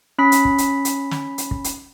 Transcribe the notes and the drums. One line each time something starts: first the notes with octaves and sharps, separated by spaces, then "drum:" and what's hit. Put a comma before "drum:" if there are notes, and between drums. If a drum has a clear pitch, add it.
C#4 B5 B6
drum: hi-hat
drum: kick
drum: hi-hat
drum: hi-hat
drum: snare
drum: hi-hat
drum: kick
drum: hi-hat